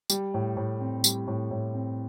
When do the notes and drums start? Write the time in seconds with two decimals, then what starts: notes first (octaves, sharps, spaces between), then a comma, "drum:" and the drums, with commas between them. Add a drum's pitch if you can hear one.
0.10 G3, drum: tambourine
0.34 A2
0.57 A2
0.80 C4
1.04 G3, drum: tambourine
1.27 A2
1.51 A2
1.74 C4